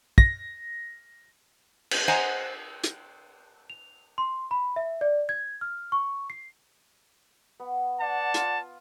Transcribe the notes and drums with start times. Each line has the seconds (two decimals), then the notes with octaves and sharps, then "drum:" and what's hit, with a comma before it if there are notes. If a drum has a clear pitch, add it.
0.18 A#6, drum: kick
1.91 drum: cymbal
2.08 C5 D#5 F#5 G#5 A#5
2.83 drum: hi-hat
3.70 F7
4.18 C6
4.51 B5
4.76 E5
5.01 D5
5.29 G#6
5.61 F6
5.92 C#6
6.30 C7
7.59 B3
7.99 D5 F#5 A5
8.34 F4, drum: hi-hat